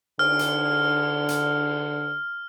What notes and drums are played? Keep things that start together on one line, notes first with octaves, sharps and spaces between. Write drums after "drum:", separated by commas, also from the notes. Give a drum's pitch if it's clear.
D3 F6, drum: cymbal
drum: hi-hat
drum: hi-hat